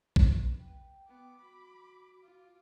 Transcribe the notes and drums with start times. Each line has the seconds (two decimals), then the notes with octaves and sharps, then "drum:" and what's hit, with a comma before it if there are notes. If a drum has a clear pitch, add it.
0.16 D4 B4, drum: kick A#1
0.60 G5
1.08 B3 D6
1.41 F#4 B5
2.23 F4